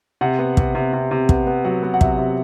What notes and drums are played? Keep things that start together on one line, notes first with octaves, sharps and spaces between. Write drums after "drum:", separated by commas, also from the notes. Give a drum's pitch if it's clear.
C3 F#5
B3
C3, drum: kick
C3
C3
C3
B3, drum: kick
B3
F#3 F#5
B3
F#5
C3 E5, drum: kick
C3